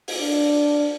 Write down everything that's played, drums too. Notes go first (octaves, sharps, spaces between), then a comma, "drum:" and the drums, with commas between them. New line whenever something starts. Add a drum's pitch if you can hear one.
drum: open hi-hat
D4